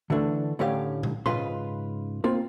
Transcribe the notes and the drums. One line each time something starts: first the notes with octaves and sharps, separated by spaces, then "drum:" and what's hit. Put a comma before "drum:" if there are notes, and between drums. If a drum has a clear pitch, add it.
D3 E3 A3 D4
A2 D3 C#4 G4 F5
drum: tom
G#2 C#3 F4 B4 C6, drum: tom A#2
A#3 C4 F4